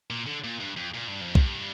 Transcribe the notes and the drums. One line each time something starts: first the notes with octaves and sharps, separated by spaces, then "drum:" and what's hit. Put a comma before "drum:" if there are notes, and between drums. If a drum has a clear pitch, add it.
A#2
D3
A#2
G2
F2
A#2
G2
F2
G2, drum: kick